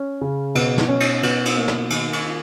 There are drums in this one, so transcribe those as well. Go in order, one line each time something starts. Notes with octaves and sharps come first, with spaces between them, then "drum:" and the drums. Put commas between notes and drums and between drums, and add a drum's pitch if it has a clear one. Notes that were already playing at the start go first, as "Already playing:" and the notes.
Already playing: C#4
C#3
B2, drum: cymbal
drum: snare
C#4
drum: cymbal
B2, drum: cymbal
drum: cymbal
A#3
drum: snare
D#3, drum: cymbal
drum: cymbal
F4